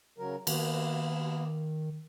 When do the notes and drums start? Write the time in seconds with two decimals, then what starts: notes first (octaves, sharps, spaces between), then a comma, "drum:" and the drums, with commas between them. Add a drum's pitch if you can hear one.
0.18 C#3 F#3 A#4
0.47 D#3 A#3 B3, drum: cymbal